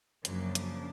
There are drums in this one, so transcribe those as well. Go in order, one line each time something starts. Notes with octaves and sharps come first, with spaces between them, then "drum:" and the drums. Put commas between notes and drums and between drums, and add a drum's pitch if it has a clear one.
F#2 C#3 F3 A#3 D4, drum: hi-hat
drum: hi-hat